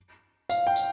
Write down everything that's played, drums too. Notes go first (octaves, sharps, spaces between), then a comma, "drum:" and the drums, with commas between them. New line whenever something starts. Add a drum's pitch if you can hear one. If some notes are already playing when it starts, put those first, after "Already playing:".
F5, drum: tambourine
G5
drum: tambourine